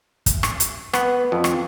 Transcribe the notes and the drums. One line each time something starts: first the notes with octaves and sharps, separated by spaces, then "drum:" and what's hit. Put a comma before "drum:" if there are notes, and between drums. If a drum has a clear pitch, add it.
drum: kick, hi-hat
drum: rim click
drum: hi-hat
B3, drum: rim click
F2
drum: rim click